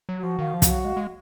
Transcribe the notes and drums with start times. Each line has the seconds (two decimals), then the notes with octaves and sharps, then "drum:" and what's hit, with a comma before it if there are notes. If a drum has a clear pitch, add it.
0.09 F#3
0.16 F#4
0.23 F3
0.39 D#3 F5
0.54 F3
0.62 F#4, drum: kick, hi-hat
0.70 F#3
0.85 G#3 F5
0.97 G#3